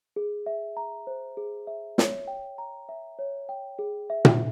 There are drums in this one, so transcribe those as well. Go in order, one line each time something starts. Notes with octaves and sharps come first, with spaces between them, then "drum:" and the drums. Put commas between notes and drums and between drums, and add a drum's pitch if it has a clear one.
G#4
E5
A#5
C5
G#4
E5
C#5, drum: snare
G5
A#5
E5
C#5
G5
G#4
E5
drum: tom A#2